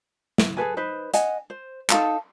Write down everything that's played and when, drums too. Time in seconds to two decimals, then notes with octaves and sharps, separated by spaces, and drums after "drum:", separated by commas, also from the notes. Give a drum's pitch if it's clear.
0.38 drum: snare
0.57 G#4 A4 B4 G#5
0.77 D#4 B4 C5
1.14 D#5 F#5 G#5, drum: hi-hat
1.50 C5
1.90 D#4 A4 F5 A5, drum: clap